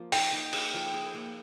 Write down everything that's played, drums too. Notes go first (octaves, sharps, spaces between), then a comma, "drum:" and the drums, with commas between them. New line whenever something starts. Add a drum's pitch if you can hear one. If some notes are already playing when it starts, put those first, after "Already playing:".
Already playing: F3 A#3
D#4 G5, drum: open hi-hat
D#4
G#4, drum: cymbal
F3
G#4
A#3